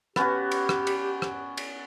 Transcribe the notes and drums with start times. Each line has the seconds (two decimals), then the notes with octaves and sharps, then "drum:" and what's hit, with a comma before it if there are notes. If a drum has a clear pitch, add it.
0.16 B3 C#4 F#4 G4, drum: rim click
0.51 drum: cymbal
0.69 drum: rim click
0.87 drum: cymbal
1.22 drum: rim click
1.57 drum: cymbal